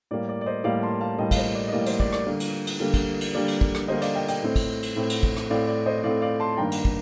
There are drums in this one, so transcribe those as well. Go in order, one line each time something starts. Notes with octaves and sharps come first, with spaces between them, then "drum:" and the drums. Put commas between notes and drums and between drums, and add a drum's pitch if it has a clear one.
A2 G3 A#3 D5
D5
D5
C5 D#5
A2 G3 A#3 D5 F5
A5 C6
F5 A5
A2 G3 A#3 D#5 G5
F5, drum: kick, cymbal
C5 D#5
D5
D#5
A2 G3 A#3 D5
C5, drum: cymbal
D5, drum: kick
D5, drum: rim click
D3 G3 A#3
drum: cymbal
drum: cymbal
D3 G3 A#3
drum: kick, cymbal
drum: cymbal
D3 G3 A#3 D5
drum: cymbal
drum: kick
drum: rim click
D3 G3 A#3 C5 D#5
D5 F5, drum: cymbal
D#5 G5
D#5 G5, drum: cymbal
A2 A3 C4
drum: kick, cymbal
drum: cymbal
A2 A3 C4
drum: cymbal
drum: kick
drum: rim click
A2 A3 C4 D5 F5
D5
C5 D#5
D#5
A2 A3 C4 D5 F5
D5 F5
A5 C6
A5
G2 D#3 A#3 G5 A#5
drum: cymbal
drum: kick